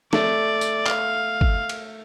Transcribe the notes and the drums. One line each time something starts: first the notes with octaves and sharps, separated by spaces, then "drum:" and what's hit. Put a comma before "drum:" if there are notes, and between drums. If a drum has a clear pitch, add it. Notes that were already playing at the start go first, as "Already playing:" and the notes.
A3 D5, drum: snare
drum: tambourine
F5, drum: clap
drum: kick
drum: cymbal